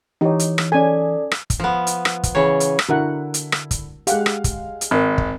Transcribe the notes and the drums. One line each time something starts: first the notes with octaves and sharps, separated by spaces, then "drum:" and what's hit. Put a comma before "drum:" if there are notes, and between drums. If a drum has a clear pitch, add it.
E3 D#4 G4 C#5
drum: hi-hat
drum: rim click
C#4 A4 D5 G#5
drum: rim click
drum: kick, hi-hat
F3 B3
drum: hi-hat
drum: rim click
drum: kick, hi-hat
C#3 E3 C#5
drum: hi-hat
drum: rim click
D3 E4 F#4 A#4 F#5
drum: hi-hat
drum: rim click
drum: kick, hi-hat
G#3 G4 F5 F#5, drum: hi-hat
drum: rim click
drum: kick, hi-hat
drum: hi-hat
G#1 C4 A#4
drum: kick